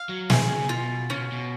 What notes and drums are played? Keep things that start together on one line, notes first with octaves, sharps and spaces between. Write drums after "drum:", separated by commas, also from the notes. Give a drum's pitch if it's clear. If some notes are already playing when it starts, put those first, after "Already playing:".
Already playing: F5
F#3
D#3 G#4, drum: snare
C#3
B2 F4
C#3 C#4
B2
B2